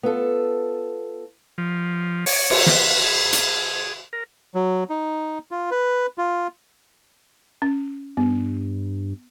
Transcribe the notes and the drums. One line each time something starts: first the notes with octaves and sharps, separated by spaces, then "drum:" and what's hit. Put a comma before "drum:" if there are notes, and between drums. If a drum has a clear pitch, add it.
B3 F4 A4
F3
C#5, drum: open hi-hat
drum: cymbal
B4, drum: snare
G#4
drum: hi-hat
A#4
F#3
D#4
F4
B4
F4
C#4
G2 B3